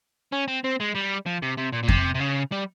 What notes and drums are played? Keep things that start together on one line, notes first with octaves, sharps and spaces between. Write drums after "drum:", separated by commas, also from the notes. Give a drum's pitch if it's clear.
C#4
C4
C4
G#3
G3
F3
C3
C3
A#2
A#2
C3, drum: kick F2
C3
C#3
G3